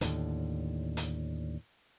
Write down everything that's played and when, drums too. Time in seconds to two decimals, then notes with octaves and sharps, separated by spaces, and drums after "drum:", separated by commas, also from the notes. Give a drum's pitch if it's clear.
0.01 D#2 A2 D3, drum: hi-hat
0.97 drum: hi-hat